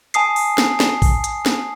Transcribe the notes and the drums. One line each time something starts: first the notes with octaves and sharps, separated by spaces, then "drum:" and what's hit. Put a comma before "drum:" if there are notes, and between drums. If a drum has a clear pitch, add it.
G#5 A5 D#6 C7, drum: hi-hat
drum: open hi-hat
drum: snare
drum: snare
drum: kick, open hi-hat
drum: hi-hat
drum: snare